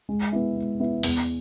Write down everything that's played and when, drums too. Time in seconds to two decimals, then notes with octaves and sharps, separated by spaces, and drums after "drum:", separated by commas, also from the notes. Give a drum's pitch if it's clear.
0.09 G#3
0.32 B3 E4
0.56 G#3
0.80 B3 E4
1.03 E2, drum: open hi-hat